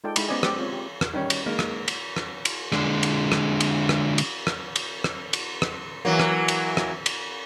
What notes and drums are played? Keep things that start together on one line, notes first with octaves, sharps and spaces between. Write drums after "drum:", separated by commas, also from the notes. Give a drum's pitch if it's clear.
G#3 D#4 F4 A4 D5 G5
G#3 D#4 E4 D#5 B5, drum: cymbal
B3 C#4 C5 D5 D#5 G#5
G#3 G4 C5 D5 G5, drum: rim click
C4 F4 C#5
G4
drum: rim click
D#3 G3 C#4
drum: cymbal
G#3 A#3 D#4 A#4
drum: rim click
drum: cymbal
drum: rim click
drum: cymbal
D3 G#3, drum: rim click
drum: cymbal
drum: rim click
drum: cymbal
drum: rim click
drum: cymbal
drum: rim click
drum: cymbal
drum: rim click
drum: cymbal
drum: rim click
E3 F#3 A#3
drum: rim click
drum: cymbal
drum: rim click
drum: cymbal